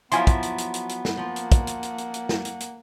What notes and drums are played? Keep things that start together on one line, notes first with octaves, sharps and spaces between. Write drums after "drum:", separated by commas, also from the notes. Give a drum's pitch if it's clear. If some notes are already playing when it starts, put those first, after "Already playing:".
F3 F#3 B3 E4 F5 G#5 C6, drum: hi-hat
drum: kick, hi-hat
drum: hi-hat
drum: hi-hat
drum: hi-hat
drum: hi-hat
drum: snare
F3 A#3 F#5
drum: hi-hat
drum: kick, hi-hat
drum: hi-hat
drum: hi-hat
drum: hi-hat
drum: hi-hat
drum: snare
drum: hi-hat
drum: hi-hat